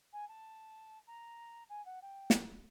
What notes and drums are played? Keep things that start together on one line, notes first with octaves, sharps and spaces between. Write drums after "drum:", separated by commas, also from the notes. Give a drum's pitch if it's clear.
G#5
A5
A#5
G#5
F#5
G5
drum: snare